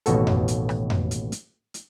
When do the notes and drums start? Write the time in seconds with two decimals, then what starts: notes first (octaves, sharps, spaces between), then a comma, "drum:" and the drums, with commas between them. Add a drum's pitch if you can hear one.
0.06 A1 D#2 B2 F#4 A4, drum: hi-hat
0.27 drum: tom F2
0.48 drum: hi-hat
0.69 drum: rim click
0.90 drum: tom F2
1.11 drum: hi-hat
1.32 drum: hi-hat
1.74 drum: hi-hat